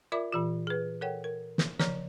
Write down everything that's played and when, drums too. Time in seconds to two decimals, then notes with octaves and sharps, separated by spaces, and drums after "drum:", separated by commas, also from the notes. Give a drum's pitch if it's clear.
0.12 F4 A#4 D5 E5 B5 D6
0.33 A#2 E3 F4
0.67 G#4 B4
1.01 A4 A#4 C#5 F#5 G5
1.24 A#4
1.58 drum: snare
1.79 C#3 F3 C#5 A#5, drum: snare